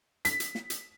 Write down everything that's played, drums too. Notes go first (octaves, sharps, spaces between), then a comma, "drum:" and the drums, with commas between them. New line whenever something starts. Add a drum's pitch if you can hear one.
B6, drum: hi-hat
drum: hi-hat
drum: snare
drum: hi-hat